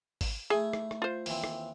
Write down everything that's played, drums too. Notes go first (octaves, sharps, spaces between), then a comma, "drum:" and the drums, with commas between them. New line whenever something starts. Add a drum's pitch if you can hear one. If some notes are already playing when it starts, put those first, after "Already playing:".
drum: kick G#1, open hi-hat
A3 E4 G#4 G#5
drum: rim click
drum: rim click
F4 C5
D#2 E3 C4, drum: open hi-hat
drum: rim click